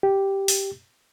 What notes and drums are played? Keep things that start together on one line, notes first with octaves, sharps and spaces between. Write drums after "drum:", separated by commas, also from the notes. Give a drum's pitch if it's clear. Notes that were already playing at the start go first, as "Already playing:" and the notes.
G4
drum: open hi-hat